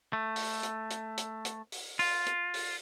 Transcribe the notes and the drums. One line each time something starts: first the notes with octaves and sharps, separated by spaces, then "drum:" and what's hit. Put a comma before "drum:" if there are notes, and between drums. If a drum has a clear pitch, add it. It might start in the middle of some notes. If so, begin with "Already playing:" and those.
A3
drum: open hi-hat
drum: hi-hat
drum: hi-hat
drum: hi-hat
drum: hi-hat
drum: open hi-hat
F4, drum: open hi-hat
drum: hi-hat
drum: open hi-hat